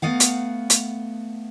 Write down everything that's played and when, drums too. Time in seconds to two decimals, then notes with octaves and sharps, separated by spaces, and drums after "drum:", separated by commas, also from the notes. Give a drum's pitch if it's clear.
0.02 A3 B3 F5 F#5
0.20 drum: hi-hat
0.70 drum: hi-hat